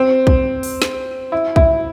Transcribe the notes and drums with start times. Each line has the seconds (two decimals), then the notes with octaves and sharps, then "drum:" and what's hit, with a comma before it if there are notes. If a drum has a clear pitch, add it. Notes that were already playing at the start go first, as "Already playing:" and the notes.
Already playing: C4
0.27 drum: kick
0.63 drum: open hi-hat
0.82 drum: snare
1.32 E4
1.56 E4, drum: kick